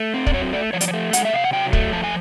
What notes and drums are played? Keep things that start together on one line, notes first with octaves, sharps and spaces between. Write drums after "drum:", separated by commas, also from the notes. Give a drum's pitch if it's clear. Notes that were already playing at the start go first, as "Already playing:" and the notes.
Already playing: A3
C4
D5, drum: kick
F#3 C#5
A3 D5
F3 C#5
D5, drum: hi-hat
C#5
A3
G#3 F#5, drum: hi-hat
E5
C3 F5
F#5
F#3 G5
A3, drum: kick
F3 A5
G#5